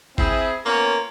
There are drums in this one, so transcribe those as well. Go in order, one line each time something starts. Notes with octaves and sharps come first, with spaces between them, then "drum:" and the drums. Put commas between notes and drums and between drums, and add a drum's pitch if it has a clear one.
C4 E4 G#4, drum: kick G1
A#3 B3 C#4 F4 A#4 C#5